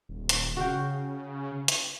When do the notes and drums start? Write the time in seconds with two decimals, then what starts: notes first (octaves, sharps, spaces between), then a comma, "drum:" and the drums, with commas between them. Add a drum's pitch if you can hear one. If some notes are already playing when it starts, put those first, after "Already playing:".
0.09 D#1
0.29 drum: hi-hat
0.56 C#3 F#4 F5 G5
1.68 drum: hi-hat